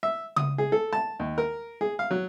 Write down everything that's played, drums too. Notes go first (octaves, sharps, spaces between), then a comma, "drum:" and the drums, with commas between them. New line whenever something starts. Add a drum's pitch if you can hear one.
E5
D#6, drum: tom C#3
G#4
A4
A5
D#2
A#4
G#4
F5
F#3